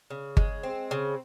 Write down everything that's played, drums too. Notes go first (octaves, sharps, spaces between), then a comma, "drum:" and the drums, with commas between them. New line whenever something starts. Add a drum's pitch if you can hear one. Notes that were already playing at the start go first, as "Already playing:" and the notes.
C#3
G#3, drum: kick G1
C4
C#3